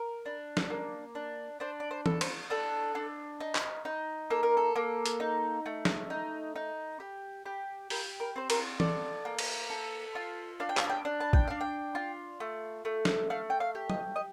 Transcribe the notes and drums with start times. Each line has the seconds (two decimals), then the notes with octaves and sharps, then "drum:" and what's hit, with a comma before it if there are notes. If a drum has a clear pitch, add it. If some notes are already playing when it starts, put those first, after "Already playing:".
Already playing: A#4
0.25 D4
0.57 drum: snare
0.70 A#3
1.15 D4
1.60 D4 C5
1.80 D5
1.91 C5
2.06 A4, drum: tom
2.21 C5, drum: cymbal
2.50 D4 A4
2.95 D4
3.40 D#4
3.55 drum: clap
3.85 D#4
4.30 A#3 A4
4.43 A#4
4.57 A4
4.76 A#3
5.06 drum: hi-hat
5.20 D#4
5.66 A3
5.85 drum: snare
6.10 D#4
6.56 D#4
7.00 G4
7.46 G4
7.90 G4 A#4, drum: open hi-hat
8.20 A#4
8.36 C4 C5
8.50 A#4, drum: cymbal
8.80 A4 D5, drum: tom
9.25 A#3
9.39 drum: cymbal
9.70 A4
10.15 F4
10.60 D4 F5
10.69 G5
10.77 F5, drum: clap
10.90 G5
11.05 D4
11.20 A5
11.33 G5, drum: kick
11.48 D4 F5
11.61 G5
11.95 F4
12.40 A3
12.85 A3
13.05 drum: snare
13.30 A3 F5
13.50 G5
13.60 F5
13.75 G4
13.90 D#5, drum: tom
14.16 D#5